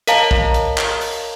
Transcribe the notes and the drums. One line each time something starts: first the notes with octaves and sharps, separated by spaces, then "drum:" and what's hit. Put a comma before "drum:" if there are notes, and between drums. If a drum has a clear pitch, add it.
A#4 C#5 D#5 F5 A5 A#5, drum: hi-hat
drum: kick
drum: hi-hat
drum: clap
drum: open hi-hat